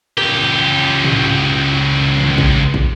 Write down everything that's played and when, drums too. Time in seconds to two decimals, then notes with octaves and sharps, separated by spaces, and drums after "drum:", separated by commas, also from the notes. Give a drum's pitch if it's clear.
0.18 C#2 G4, drum: rim click
1.04 drum: tom
2.17 drum: tom
2.38 drum: kick
2.74 drum: kick